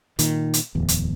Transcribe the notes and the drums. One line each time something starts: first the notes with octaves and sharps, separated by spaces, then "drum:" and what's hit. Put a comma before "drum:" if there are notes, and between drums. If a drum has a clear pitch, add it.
A#2 D#3, drum: hi-hat
drum: hi-hat
D1 E2
drum: hi-hat